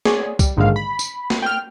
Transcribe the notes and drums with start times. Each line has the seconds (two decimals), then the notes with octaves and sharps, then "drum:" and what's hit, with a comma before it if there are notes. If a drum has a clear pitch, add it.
0.05 G#4 C#5 D5, drum: snare
0.39 G3, drum: kick C2, tambourine
0.57 A#1 G#2 D3 D#3 G#3 F5
0.76 B5
0.99 drum: tambourine
1.30 drum: snare
1.42 G5 F6